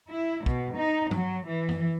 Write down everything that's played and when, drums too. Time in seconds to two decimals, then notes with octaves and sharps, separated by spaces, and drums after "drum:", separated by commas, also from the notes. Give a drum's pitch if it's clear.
0.11 E4
0.46 B2, drum: kick
0.77 D#4
1.11 F#3, drum: tom G2
1.50 E3
1.69 drum: tom F#2